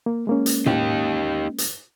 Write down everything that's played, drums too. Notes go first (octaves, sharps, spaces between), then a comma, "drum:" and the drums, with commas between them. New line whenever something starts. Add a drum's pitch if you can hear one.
A#3
G#3 A#3 C#4
drum: hi-hat
D#4 G4, drum: tom A2
drum: hi-hat